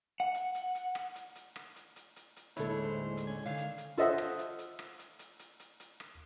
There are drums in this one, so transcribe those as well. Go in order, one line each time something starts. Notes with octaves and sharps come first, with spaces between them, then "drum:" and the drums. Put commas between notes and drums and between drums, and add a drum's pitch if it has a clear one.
F#5
drum: hi-hat
drum: hi-hat
drum: hi-hat
drum: rim click
drum: hi-hat
drum: hi-hat
drum: rim click
drum: hi-hat
drum: hi-hat
drum: hi-hat
drum: hi-hat
D#2 A2 D3 G#3 E4 A4 C#5, drum: hi-hat
C5
drum: hi-hat
C#4 G#6
D3 D#3 F5
drum: hi-hat
drum: hi-hat
F4 A4 C5 D#5 E5 F#5, drum: hi-hat
drum: rim click
drum: hi-hat
drum: hi-hat
drum: rim click
drum: hi-hat
drum: hi-hat
drum: hi-hat
drum: hi-hat
drum: hi-hat
drum: rim click